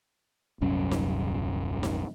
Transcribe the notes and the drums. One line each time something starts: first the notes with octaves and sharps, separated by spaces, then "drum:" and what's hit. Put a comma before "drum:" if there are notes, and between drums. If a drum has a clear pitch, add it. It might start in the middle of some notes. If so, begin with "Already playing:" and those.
D#1 C2 F#2 C#4
drum: snare D#4
drum: snare D#4